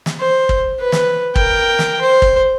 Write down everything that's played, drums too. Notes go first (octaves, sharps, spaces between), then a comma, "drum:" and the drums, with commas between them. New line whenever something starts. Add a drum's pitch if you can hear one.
drum: snare
C5
drum: kick
B4
drum: snare
A#4 G5, drum: kick
drum: snare
C5
drum: kick